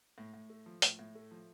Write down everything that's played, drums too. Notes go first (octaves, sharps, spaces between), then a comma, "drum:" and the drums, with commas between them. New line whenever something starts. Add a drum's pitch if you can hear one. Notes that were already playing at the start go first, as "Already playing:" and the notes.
A2
A2
A3
F3
A2, drum: hi-hat
A2
A3
F3